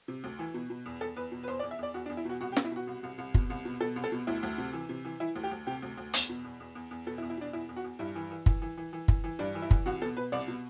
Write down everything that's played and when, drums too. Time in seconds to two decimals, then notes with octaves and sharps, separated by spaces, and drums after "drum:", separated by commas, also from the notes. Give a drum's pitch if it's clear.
0.08 C3
0.24 D2
0.39 E3
0.54 B2
0.70 B2
0.86 E2
1.01 E2 A4
1.16 E2 B4
1.32 B2
1.43 B4
1.48 E2 C5
1.59 D5
1.63 E2
1.71 E5
1.79 E2 D5
1.94 E2 F#4
2.06 D4
2.10 E2
2.17 E4
2.25 B2 F#4
2.41 C2 F#4
2.52 G4
2.57 B2, drum: snare
2.65 E4
2.72 B2 F#4
2.87 C2
3.03 C2
3.18 C2
3.34 B2, drum: kick F#1
3.50 C2
3.65 B2
3.80 B2 A4
3.96 C2
4.04 A4
4.12 B2
4.27 D2 E4
4.43 D2
4.58 C3
4.73 E3
4.89 C3
5.05 E3
5.20 E3 E4
5.36 D2
5.43 G4
5.51 D2
5.67 C3 G4
5.82 D2
5.98 D2
6.13 E2, drum: hi-hat
6.29 B2
6.44 E2
6.60 E2
6.75 E2
6.91 E2
7.07 B2 A4
7.18 E4
7.22 E2
7.30 E4
7.38 B2 D4
7.53 E2 E4
7.69 E2
7.76 F#4
7.84 E2
7.99 G2 E4
8.15 E3
8.31 E3
8.46 E3, drum: kick F#1
8.62 E3
8.77 E3
8.93 E3
9.08 E3, drum: kick F#1
9.24 E3
9.39 G2 D4
9.55 E3
9.62 E4
9.71 E3, drum: kick F#1
9.86 C2 F#4
10.02 B2 A4
10.17 B2 B4
10.32 C2 D5
10.48 B2